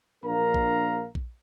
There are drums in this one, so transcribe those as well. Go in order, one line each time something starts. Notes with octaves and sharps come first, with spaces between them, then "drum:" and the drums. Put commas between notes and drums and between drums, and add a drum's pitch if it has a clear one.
A#1 A#3 D4 A#4 F5 A#5
drum: kick A#1
drum: kick A#1